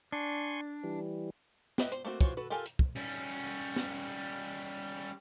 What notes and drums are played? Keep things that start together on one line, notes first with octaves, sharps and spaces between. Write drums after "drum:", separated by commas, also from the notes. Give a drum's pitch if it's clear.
D4 G#5 C6 C#6
E3 G3
G4 B4 C5 D#5 E5, drum: snare
C5, drum: hi-hat
A3 A#3 C4 F#4
E3 F4 F#4 C5 C#5, drum: kick
F#4 A4 B4
F4 G4 A4 A#4 G#5
drum: hi-hat
drum: kick
G3 C#4
drum: snare